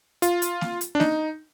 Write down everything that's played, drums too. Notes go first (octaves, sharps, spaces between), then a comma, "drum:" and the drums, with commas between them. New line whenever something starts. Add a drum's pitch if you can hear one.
F4, drum: hi-hat
drum: hi-hat
drum: snare A#3
drum: hi-hat
D4
D#4, drum: snare A#3